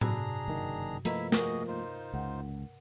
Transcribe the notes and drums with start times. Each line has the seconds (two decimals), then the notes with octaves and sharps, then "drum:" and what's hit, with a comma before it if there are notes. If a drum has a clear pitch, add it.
0.01 G2 C3 D4 F#4 G#4 A#5, drum: tom A2
0.48 F#1 D#3
1.05 F3 A3 A#3 E4 B4 D#5 E5 A#5, drum: hi-hat
1.32 F#4 G#4 A#4 D#5, drum: snare
1.68 D#4 F4 C5
2.14 C#2 F#5